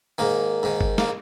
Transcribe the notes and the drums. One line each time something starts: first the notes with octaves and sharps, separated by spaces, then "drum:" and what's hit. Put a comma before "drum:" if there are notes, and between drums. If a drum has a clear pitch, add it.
G#2 D#3 A#3
G#2 D#3
drum: kick G1
A#3, drum: snare